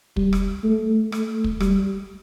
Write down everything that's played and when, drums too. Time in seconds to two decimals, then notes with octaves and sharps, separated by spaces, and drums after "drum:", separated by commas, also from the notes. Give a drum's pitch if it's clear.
0.16 G3, drum: kick
0.33 drum: rim click
0.64 A3
1.12 A3, drum: rim click
1.44 drum: kick
1.60 G3, drum: rim click